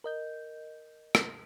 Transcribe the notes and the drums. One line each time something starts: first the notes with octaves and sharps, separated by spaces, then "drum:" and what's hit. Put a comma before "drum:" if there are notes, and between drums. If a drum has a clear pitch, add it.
A#4 D#5 G6
drum: rim click